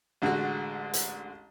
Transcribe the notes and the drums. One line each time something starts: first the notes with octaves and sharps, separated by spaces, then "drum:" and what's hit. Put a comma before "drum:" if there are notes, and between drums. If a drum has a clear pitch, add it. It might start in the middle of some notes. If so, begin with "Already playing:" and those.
A1 D3 G#3 F#4
drum: hi-hat